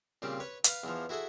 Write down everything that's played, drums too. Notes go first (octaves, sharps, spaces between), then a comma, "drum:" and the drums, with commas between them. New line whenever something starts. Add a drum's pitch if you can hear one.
A#2 C#3 G3 C4
B4 C#5
B4 F5, drum: hi-hat
E2 E3 F3
E4 F#4 G#4 A4 E5